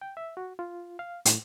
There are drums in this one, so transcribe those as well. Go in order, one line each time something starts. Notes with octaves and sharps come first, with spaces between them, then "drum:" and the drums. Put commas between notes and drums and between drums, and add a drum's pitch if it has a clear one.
G5
E5
F#4
F4
F5
A2, drum: hi-hat